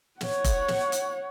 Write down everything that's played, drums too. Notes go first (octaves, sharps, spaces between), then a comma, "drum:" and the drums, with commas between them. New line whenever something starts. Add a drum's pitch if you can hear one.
C#5 F#5, drum: snare
drum: kick F1, hi-hat
drum: snare
drum: hi-hat